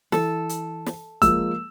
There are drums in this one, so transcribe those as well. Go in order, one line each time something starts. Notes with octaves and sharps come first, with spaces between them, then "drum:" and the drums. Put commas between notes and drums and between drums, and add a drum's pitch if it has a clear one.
E3 A4, drum: snare
drum: hi-hat
drum: snare
F3 G#3 A#3 E6, drum: kick, hi-hat